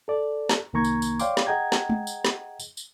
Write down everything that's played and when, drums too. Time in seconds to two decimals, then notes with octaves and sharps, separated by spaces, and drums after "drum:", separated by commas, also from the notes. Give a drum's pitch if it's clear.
0.08 A4 D5
0.49 drum: snare
0.73 C2 D#3 A#3 A#5 C#6 G#6
0.84 drum: tambourine
1.02 drum: tambourine
1.20 C#5 D5 F5 G5 C6 D6, drum: tambourine
1.37 drum: snare
1.47 G#4 D#5 F#5 G5 A#5 G#6
1.72 drum: snare
1.90 drum: tom G#3
2.07 drum: tambourine
2.25 drum: snare
2.60 drum: tambourine
2.77 drum: tambourine